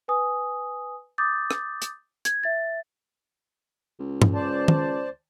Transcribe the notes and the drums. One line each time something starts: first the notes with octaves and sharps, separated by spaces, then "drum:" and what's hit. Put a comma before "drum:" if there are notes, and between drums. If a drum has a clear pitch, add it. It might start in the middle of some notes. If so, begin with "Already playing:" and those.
B4 G#5 D#6
D6 D#6 G6 A6
drum: rim click
drum: hi-hat
G#6, drum: hi-hat
E5 A6
C#2
drum: tom
C5 D5 A5
drum: tom